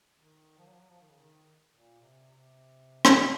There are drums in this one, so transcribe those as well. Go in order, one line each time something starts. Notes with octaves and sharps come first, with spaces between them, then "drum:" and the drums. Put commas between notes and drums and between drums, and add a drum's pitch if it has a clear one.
D#3
F3
F#3
F3
F#3
F3
D#3
C#3
D#3
A#2
C3
C3
drum: rim click